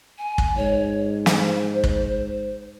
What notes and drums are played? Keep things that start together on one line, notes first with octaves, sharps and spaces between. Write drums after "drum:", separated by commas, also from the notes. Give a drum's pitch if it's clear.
G#5
drum: kick
G#2 C#5
C5, drum: snare
drum: kick